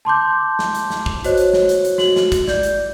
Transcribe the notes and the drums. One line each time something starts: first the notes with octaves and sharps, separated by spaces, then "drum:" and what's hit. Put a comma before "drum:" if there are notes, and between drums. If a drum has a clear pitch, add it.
A5 C6 D6 G6
drum: snare
drum: hi-hat
drum: snare
drum: kick
F#4 C5 C#5 D#5 F#6, drum: hi-hat
drum: hi-hat
drum: snare
drum: hi-hat
drum: hi-hat
F#4 F#7, drum: snare
drum: snare
drum: kick, hi-hat
D5 G6, drum: snare
drum: hi-hat